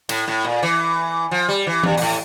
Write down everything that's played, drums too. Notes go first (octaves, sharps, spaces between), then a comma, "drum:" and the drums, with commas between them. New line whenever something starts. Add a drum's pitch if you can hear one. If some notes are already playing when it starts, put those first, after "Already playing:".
A2, drum: cymbal
A2
A#2
E3
F3
G3
E3
G2, drum: tom E3
A#2, drum: open hi-hat
A2